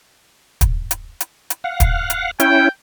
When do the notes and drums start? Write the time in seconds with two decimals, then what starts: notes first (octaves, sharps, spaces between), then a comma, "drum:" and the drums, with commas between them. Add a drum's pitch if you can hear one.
0.61 drum: kick, hi-hat
0.91 drum: hi-hat
1.20 drum: hi-hat
1.50 drum: hi-hat
1.64 F5 F#5
1.80 drum: kick, hi-hat
2.10 drum: hi-hat
2.40 C#4 E4 G5, drum: hi-hat